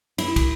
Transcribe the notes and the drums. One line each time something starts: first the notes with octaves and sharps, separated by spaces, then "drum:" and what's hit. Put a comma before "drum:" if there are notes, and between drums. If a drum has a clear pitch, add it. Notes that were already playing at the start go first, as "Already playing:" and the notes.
E4, drum: cymbal
drum: kick, cymbal